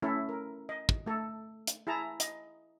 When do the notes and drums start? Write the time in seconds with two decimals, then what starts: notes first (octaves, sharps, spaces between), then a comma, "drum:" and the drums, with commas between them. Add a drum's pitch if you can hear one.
0.02 A3 C#4 E4 A4
0.29 A#4
0.69 D#5
0.89 drum: kick
1.06 A3 A4
1.67 drum: hi-hat
1.87 E4 G#4 A5 A#5
2.20 D#5, drum: hi-hat